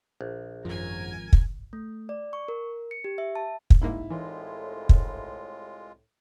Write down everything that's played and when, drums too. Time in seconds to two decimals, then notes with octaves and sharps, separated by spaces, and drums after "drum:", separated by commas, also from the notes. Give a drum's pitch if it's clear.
0.21 A#1
0.65 G#1 F#2 F3 A#4 G#5
1.33 drum: kick
1.73 A3
2.09 D5
2.33 C#6
2.48 A#4
2.91 C#7
3.04 G4
3.18 E5
3.35 A5
3.70 drum: kick
3.82 C2 G#2 A#3 D#4 E4
4.10 C2 A2 E3 G#3 F4
4.89 drum: kick